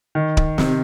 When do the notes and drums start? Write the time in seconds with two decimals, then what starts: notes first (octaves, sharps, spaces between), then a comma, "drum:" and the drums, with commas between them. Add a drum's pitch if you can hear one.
0.15 D#3
0.37 drum: kick D1
0.58 C3, drum: snare